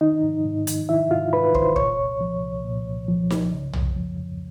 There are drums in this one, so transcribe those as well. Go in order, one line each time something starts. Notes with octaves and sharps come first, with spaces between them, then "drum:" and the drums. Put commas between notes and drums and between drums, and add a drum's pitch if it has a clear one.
D#3 D#4 D#5
G#2
G#2
D#3, drum: hi-hat
D#3 E4 E5
G#2 F4 F5
G#2 B4 B5
D#3 C5 C6, drum: kick
A#2 C#5 C#6, drum: kick
C2
F3
C2
A#2
C2
F3
C2, drum: snare D#4
C#3
F2, drum: tom
F3
F2